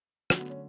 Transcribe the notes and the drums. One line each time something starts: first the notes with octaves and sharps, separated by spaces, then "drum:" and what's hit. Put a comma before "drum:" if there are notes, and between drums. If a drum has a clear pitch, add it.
D3 F#3 A3 F#4, drum: rim click
B3
C#4